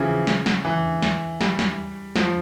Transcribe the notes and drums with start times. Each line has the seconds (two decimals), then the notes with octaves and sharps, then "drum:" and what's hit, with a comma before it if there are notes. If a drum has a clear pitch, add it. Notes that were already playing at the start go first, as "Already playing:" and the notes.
Already playing: C#3 E3 F3
0.27 drum: snare
0.46 drum: snare
0.65 E3
1.02 drum: snare
1.41 G3, drum: snare
1.59 drum: snare
2.16 F3, drum: snare